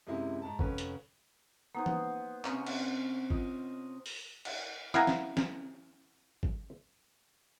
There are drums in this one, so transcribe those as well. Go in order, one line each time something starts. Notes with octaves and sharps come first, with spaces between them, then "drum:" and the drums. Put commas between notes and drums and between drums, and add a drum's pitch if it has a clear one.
F#2 C3 G#3 E4
G#2 A5
F1 C#4 B4, drum: kick G#1
drum: hi-hat
A#3 B3 D#4 C5
drum: tom
C3 C4 C#4, drum: clap
drum: cymbal
F4 D#5, drum: kick G#1
drum: open hi-hat
drum: cymbal
E4 F5 F#5 G#5 A#5, drum: rim click
drum: snare
drum: snare
drum: kick G#1